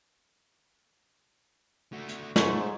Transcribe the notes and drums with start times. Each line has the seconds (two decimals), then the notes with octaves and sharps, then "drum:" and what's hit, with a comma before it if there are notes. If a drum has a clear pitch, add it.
1.93 A3 F#4
2.08 drum: hi-hat
2.36 G#2 A3 C5 C#5, drum: snare